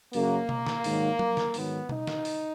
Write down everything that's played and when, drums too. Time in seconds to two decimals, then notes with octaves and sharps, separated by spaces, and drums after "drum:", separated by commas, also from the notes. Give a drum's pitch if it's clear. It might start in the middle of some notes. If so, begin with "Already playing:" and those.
0.13 F#2 C#3 F#3 A#3, drum: open hi-hat
0.49 drum: tom B2
0.67 drum: snare
0.84 G#2 D#3 F#3, drum: open hi-hat
1.19 drum: tom
1.37 drum: snare
1.54 G#2 D#3 F#3 B3, drum: open hi-hat
1.89 D#4, drum: tom B2
2.07 drum: snare
2.25 drum: open hi-hat